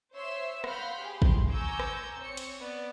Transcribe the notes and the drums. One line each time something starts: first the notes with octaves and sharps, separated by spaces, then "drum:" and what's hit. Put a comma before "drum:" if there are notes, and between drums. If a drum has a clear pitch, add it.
C5 C#5 E5 C6 E6
F5 F#5 B5 C6 F6 G6, drum: rim click
G4 G#4 C6
drum: kick
G#5 A#5 C#6 D6 E6 G6
drum: rim click
C4 C#5 C#7
drum: cymbal
B3 D5